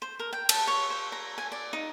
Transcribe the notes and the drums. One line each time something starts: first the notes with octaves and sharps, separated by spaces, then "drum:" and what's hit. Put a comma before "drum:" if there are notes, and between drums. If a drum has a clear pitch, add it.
C5
A#4
G5
A5, drum: cymbal
C#5
C5
A#5
G#5
D5
D#4